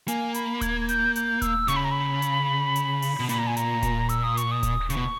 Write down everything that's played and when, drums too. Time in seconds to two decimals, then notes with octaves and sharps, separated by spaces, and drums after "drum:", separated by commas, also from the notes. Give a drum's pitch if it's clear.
0.08 A#3 G#5, drum: hi-hat
0.34 B5, drum: hi-hat
0.61 G#6, drum: kick D#1, hi-hat
0.81 G#6
0.89 G6, drum: hi-hat
1.16 G6, drum: hi-hat
1.42 E6, drum: kick D#1, hi-hat
1.68 C#3 C#6, drum: hi-hat
1.76 B5
1.84 A#5
1.92 B5
2.22 drum: hi-hat
2.76 drum: hi-hat
3.02 drum: open hi-hat
3.20 B2
3.29 A#2 B5, drum: hi-hat
3.39 A#5
3.47 G#5
3.57 A#5, drum: hi-hat
3.83 drum: kick D#1, hi-hat
4.09 E6, drum: hi-hat
4.23 D#6
4.37 C#6, drum: hi-hat
4.51 D#6
4.63 drum: kick D#1, hi-hat
4.90 C#3 C#6, drum: hi-hat
4.97 B2